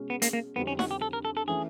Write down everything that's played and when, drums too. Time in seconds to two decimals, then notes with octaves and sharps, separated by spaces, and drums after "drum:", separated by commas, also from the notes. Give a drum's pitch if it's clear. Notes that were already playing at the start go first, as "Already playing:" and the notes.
Already playing: B2 G#3 C#4
0.10 B3
0.22 A#3, drum: hi-hat
0.33 A#3
0.56 F2 D3 G3 B3 C4 D#4
0.67 C#4
0.79 F#4, drum: snare D#4
0.91 G4
1.02 A4
1.13 A#4
1.25 A4
1.37 A4
1.48 E3 A3 C#4 G#4